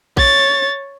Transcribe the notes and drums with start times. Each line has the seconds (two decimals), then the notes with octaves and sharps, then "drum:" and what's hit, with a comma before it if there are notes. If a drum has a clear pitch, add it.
0.17 C#5 A6, drum: kick A#1